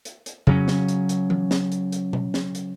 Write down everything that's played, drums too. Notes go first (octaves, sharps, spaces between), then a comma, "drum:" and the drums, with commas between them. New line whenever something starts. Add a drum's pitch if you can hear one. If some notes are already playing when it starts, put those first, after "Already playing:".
drum: hi-hat
drum: hi-hat
C#3 F#3 C#4, drum: tom F2
drum: snare
drum: hi-hat
drum: hi-hat
drum: tom E3
drum: snare
drum: hi-hat
drum: hi-hat
drum: tom B2
drum: snare
drum: hi-hat